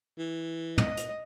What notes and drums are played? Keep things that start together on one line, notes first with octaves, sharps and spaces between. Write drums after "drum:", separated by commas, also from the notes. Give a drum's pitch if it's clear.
E3
D#5, drum: tom
drum: hi-hat